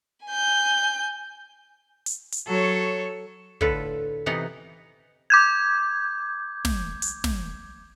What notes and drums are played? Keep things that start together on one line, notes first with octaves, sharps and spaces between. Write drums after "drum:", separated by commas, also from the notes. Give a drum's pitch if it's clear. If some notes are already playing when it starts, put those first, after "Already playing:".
G#5 G6
drum: hi-hat
drum: hi-hat
F#3 A4 C#5
A2 D3 F4 A4 B4, drum: kick
C3 E3 B3 D#4 F#5
D6 G6 G#6
drum: snare
drum: hi-hat
drum: snare